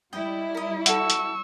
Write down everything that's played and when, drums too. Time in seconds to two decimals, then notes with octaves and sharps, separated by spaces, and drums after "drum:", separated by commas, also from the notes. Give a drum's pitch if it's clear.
0.13 G3 E4 D#5 G5
0.54 A#4 D#5
0.86 F#4 A4 C#6 E6, drum: hi-hat
1.10 drum: hi-hat